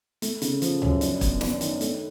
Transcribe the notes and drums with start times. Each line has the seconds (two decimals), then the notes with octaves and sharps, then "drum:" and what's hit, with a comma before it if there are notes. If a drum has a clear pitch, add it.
0.22 A3, drum: hi-hat
0.42 C#3, drum: hi-hat
0.62 F3, drum: hi-hat
0.82 F#2, drum: tom
1.01 D4, drum: hi-hat
1.21 B3, drum: kick, hi-hat
1.41 D4, drum: snare
1.61 D#3, drum: hi-hat
1.81 A3, drum: hi-hat